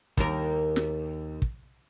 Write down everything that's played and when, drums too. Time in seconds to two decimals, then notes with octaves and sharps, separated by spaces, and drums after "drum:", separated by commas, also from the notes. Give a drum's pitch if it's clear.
0.17 D#2 A#4, drum: kick
0.76 drum: snare
1.42 drum: kick